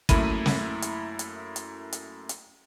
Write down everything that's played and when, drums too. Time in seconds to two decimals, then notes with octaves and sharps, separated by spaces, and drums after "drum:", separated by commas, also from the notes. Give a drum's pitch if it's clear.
0.09 F#2 A3 A#3 E4 B5 D#7, drum: kick, hi-hat
0.46 drum: snare
0.82 drum: hi-hat
1.19 drum: hi-hat
1.56 drum: hi-hat
1.93 drum: hi-hat
2.29 drum: hi-hat